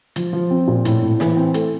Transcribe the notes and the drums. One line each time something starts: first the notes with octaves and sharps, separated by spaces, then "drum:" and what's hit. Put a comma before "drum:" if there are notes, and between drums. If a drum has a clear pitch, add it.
F3, drum: hi-hat
F3
C4
A#2
A2, drum: hi-hat
A2
E3, drum: snare
C4
A3, drum: hi-hat